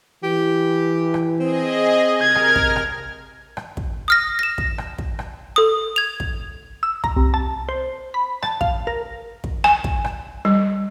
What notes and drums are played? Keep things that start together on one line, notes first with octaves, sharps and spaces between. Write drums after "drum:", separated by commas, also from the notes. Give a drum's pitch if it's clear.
E3 G4
drum: rim click
C4 G#4 D#5
C3 A#4 F6 G#6
drum: rim click
drum: kick
drum: rim click
drum: rim click
drum: kick
D#6 F6 A#6
A#6 E7
drum: kick
drum: rim click
drum: kick
drum: rim click
A4 D#6
G#6 F7
drum: kick
E6
A#5, drum: kick
C2
A5
C5
B5
A5, drum: rim click
F5, drum: kick
A#4
drum: kick
G#5, drum: rim click
drum: kick
drum: rim click
G3